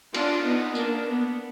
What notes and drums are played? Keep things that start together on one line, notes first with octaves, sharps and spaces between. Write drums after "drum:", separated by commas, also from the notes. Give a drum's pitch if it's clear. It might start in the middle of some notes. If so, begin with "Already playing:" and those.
D4 F4, drum: cymbal
B3 D#4
A#3 D4, drum: tambourine
B3